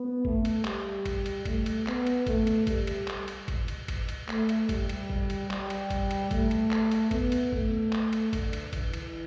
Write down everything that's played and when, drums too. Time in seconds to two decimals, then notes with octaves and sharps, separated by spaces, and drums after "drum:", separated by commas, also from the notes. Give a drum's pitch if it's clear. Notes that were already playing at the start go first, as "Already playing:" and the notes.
Already playing: B3
0.25 A3, drum: kick G1
0.45 drum: cymbal
0.65 G3, drum: clap
1.06 drum: kick G1, cymbal
1.26 drum: cymbal
1.45 A3, drum: kick G1, cymbal
1.66 drum: cymbal
1.87 B3, drum: clap
2.07 drum: cymbal
2.27 A3, drum: kick G1, cymbal
2.47 drum: cymbal
2.67 G3, drum: kick G1, cymbal
2.87 drum: cymbal
3.08 drum: clap
3.28 drum: cymbal
3.48 drum: kick G1, cymbal
3.68 drum: cymbal
3.88 drum: kick G1, cymbal
4.09 drum: cymbal
4.29 A3, drum: clap
4.49 drum: cymbal
4.69 G3, drum: kick G1, cymbal
4.89 drum: cymbal
5.10 drum: kick G1
5.30 drum: cymbal
5.51 G3, drum: clap
5.70 drum: cymbal
5.90 drum: kick G1, cymbal
6.11 drum: cymbal
6.31 A3, drum: kick G1, cymbal
6.51 drum: cymbal
6.71 drum: clap
6.91 drum: cymbal
7.11 B3, drum: kick G1, cymbal
7.32 drum: cymbal
7.53 A3, drum: kick G1
7.92 drum: clap
8.13 drum: cymbal
8.33 D3, drum: kick G1, cymbal
8.53 drum: cymbal
8.73 E3, drum: kick G1, cymbal
8.93 drum: cymbal